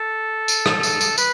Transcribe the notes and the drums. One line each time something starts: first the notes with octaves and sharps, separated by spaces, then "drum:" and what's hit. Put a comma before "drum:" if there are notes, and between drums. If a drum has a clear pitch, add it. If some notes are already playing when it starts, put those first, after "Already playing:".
Already playing: A4
drum: tambourine
drum: rim click
drum: tambourine
drum: tambourine
B4, drum: tambourine